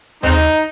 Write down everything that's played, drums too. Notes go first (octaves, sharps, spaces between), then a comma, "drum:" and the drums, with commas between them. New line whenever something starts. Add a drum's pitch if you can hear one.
G#3 C4 D#4, drum: tom D#2